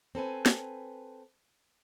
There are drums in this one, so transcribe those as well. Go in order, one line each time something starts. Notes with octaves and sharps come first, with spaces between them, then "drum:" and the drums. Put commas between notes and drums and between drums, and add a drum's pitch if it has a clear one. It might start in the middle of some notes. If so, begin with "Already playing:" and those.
C4 A4 B4 G#5
drum: snare